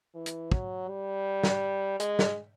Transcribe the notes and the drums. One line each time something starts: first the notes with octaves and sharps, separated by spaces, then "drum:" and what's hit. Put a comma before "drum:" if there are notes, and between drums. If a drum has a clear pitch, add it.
E3
drum: hi-hat
F#3, drum: kick
G3
drum: snare
G#3, drum: hi-hat
drum: snare